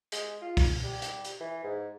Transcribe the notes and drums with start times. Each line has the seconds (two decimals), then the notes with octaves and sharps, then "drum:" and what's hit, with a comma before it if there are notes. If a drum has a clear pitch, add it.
0.12 G#3, drum: hi-hat
0.42 F4
0.57 drum: kick, open hi-hat
0.83 G3
1.02 drum: hi-hat
1.24 drum: hi-hat
1.40 E3
1.64 G#2